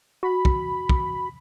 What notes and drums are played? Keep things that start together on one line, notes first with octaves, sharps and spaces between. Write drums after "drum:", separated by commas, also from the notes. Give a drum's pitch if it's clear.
F#4 B5
drum: kick
drum: kick